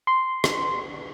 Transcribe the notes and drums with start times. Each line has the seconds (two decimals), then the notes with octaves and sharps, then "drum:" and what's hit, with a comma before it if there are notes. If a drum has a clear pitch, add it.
0.07 C6
0.44 drum: rim click